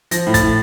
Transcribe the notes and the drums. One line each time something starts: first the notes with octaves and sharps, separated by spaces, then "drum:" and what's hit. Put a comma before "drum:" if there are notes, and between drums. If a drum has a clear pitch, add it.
F3 A#6, drum: hi-hat
A2
A6, drum: kick, hi-hat
A2